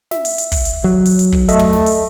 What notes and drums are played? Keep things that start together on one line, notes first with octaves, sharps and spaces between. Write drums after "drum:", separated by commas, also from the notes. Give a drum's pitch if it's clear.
E5, drum: snare
drum: open hi-hat
drum: hi-hat
drum: kick, open hi-hat
drum: hi-hat
F#3
drum: open hi-hat
drum: hi-hat
drum: kick
A3 A4 D#5 E5, drum: hi-hat
drum: tom
drum: snare
drum: open hi-hat